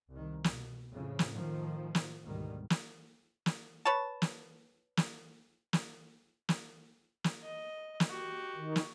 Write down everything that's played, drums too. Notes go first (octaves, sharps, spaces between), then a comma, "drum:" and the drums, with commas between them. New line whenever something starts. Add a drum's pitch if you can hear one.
C2 D#3
B2, drum: snare
F2 A2 C#3 F3
drum: snare
A2 D#3 F3
drum: snare
D2 G#2 B2 D#3 G3
drum: snare
drum: snare
B4 C#5 A5
drum: snare
drum: snare
drum: snare
drum: snare
drum: snare
D#5
drum: snare
F#4 G4
D#3
drum: snare